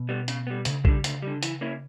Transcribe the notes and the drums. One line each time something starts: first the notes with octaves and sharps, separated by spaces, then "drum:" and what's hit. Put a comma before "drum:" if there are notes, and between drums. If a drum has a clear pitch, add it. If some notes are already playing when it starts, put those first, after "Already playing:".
Already playing: B2
G3 B3
C#3, drum: hi-hat
G3 B3
D2 C#3, drum: hi-hat
D3 G3, drum: kick
D2, drum: hi-hat
D3 G3
E3, drum: hi-hat
A#3 C#4 E4